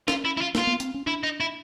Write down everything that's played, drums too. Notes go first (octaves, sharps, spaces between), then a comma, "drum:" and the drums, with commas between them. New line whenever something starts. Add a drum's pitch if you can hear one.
C#4 F4, drum: snare
E4
E4
F4
A#3 F4, drum: snare
B3
C4, drum: hi-hat
C#4
D4 E4
D#4
E4